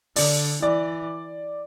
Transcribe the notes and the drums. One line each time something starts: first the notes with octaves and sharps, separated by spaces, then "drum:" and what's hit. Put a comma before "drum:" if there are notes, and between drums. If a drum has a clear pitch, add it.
D3 D5, drum: open hi-hat
E3 D5